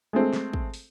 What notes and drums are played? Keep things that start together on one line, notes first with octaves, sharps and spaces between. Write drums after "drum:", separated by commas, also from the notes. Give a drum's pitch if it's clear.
G#3 A3 C4
drum: snare
drum: kick
drum: open hi-hat